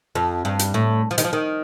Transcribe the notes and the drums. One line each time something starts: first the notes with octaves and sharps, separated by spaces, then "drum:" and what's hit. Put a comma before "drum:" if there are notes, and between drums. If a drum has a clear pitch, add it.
F2
G2
drum: hi-hat
A2
F3
D#3, drum: hi-hat
F3
D#3